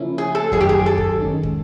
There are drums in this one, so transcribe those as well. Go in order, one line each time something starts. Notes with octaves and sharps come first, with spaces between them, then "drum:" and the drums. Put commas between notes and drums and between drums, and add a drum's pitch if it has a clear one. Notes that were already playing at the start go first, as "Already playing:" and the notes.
Already playing: C#3 F3 A#3 C#4 E4
G#4
A4
F#2 D#3 F#3 G#4, drum: kick
G4
G#4
A4
drum: kick
D#3 G#3 C#4
drum: kick